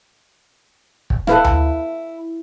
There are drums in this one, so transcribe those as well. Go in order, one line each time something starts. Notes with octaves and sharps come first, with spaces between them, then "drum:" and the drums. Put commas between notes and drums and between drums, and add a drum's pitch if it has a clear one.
drum: kick
E4 A4 B4 F5, drum: rim click
drum: tom D2